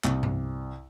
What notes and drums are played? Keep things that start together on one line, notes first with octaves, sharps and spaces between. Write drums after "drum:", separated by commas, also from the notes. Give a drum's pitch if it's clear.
C2, drum: clap
drum: tom G2